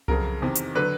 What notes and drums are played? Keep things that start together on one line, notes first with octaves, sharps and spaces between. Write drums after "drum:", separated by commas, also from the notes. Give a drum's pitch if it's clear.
F2 C#3 F#3 A#4, drum: tom C2
E2 C3 D#3
drum: hi-hat
D3 F#3 B4